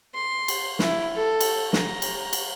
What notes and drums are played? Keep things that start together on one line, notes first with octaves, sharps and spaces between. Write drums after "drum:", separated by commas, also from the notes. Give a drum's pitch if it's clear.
C6
drum: cymbal
E4, drum: snare
A4
drum: cymbal
A#5, drum: snare
drum: cymbal
drum: cymbal